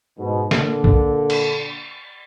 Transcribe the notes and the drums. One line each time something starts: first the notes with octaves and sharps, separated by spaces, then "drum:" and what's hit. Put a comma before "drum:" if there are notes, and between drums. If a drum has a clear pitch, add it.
G#2 B2
A#2 D3, drum: snare
drum: kick
drum: cymbal